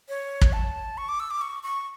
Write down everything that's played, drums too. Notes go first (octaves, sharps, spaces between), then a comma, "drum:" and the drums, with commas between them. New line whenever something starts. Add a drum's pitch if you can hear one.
C#5
drum: kick
A5
C#6
D6
E6
D6
C#6
C#6